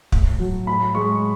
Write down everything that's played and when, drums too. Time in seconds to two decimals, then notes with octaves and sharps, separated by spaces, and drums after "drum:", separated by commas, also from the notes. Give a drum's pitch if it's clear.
0.12 A2, drum: kick
0.39 F#3
0.67 A2 B5
0.95 G#3 C#6